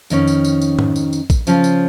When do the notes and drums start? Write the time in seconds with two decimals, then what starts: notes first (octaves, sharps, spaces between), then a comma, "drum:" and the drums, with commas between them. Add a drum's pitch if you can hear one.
0.10 F2 D#3 C#4, drum: tambourine
0.27 drum: tambourine
0.44 drum: tambourine
0.62 drum: tambourine
0.79 drum: tom G#2
0.96 drum: tambourine
1.13 drum: tambourine
1.30 drum: kick, tambourine
1.47 C#3 F3 C#4 F4, drum: tambourine
1.64 drum: tambourine